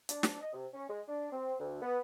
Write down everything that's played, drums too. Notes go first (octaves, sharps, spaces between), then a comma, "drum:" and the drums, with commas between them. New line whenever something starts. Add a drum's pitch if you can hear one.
D4, drum: hi-hat
drum: snare
D#5
C3
C#4
G#3
D4
C4
D2
B3